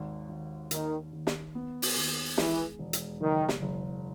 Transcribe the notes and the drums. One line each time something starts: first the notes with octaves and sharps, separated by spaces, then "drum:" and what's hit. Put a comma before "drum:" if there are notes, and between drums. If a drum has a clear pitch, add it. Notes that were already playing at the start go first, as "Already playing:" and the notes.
Already playing: G#1 D#2
G#1
D#2 D#3, drum: hi-hat
D#2
drum: snare
B3
drum: open hi-hat
D#2
E3 G#3, drum: snare
E1
drum: hi-hat
F#1 D#3
drum: snare
F#1